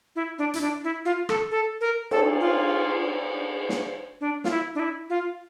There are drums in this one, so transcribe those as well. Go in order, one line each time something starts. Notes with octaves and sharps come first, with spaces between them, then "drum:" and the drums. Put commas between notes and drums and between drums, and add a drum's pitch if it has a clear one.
E4
D4
E4, drum: hi-hat
D4
E4
F4
A4, drum: rim click
A4
A#4
A4, drum: cymbal
F4
drum: snare
D4
F4, drum: snare
E4
D4
E4
F4